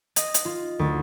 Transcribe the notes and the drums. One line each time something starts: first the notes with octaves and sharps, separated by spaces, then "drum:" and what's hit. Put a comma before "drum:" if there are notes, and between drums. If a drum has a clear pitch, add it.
D#5, drum: hi-hat
drum: hi-hat
F4
D2